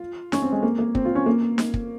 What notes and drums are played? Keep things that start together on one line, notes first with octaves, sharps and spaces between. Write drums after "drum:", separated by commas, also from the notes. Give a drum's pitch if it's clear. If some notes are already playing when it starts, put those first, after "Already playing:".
Already playing: F4
C#4, drum: snare
C4
G#3
A#3
A#3
C4, drum: kick
F4
C#4
A#3
drum: snare
drum: kick